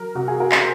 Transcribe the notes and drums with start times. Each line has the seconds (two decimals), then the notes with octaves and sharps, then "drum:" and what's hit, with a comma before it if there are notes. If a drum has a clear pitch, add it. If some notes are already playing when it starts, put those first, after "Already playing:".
Already playing: F#3 A#4
0.15 C3 F#4
0.28 G#4
0.40 A#4
0.52 C4 C5, drum: clap